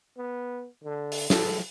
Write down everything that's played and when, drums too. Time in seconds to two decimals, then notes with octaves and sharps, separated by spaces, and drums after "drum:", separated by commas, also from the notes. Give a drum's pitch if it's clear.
0.17 B3
0.84 D3
1.12 drum: open hi-hat
1.30 A4, drum: snare